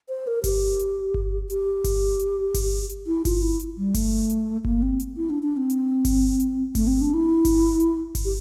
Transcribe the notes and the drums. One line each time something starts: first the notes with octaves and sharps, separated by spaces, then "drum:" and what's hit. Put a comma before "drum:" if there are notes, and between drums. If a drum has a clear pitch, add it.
C5
A#4
G4, drum: kick G1, open hi-hat
drum: hi-hat
drum: kick G1
G4, drum: hi-hat
drum: kick G1, open hi-hat
drum: hi-hat
drum: kick G1, open hi-hat
drum: hi-hat
E4
F4, drum: kick G1, open hi-hat
E4
drum: hi-hat
G3
A3, drum: kick G1, open hi-hat
drum: hi-hat
A#3, drum: kick G1
C4
drum: hi-hat
E4
D4
D4
C4
drum: hi-hat
drum: kick G1, open hi-hat
drum: hi-hat
A3, drum: kick G1, open hi-hat
C4
D4
E4
drum: kick G1, open hi-hat
drum: hi-hat
drum: kick G1, open hi-hat
G4